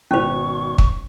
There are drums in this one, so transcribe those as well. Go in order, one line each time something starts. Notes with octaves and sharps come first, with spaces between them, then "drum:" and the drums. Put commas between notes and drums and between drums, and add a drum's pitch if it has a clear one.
G#1 B2 C#4 C5 C#6
drum: kick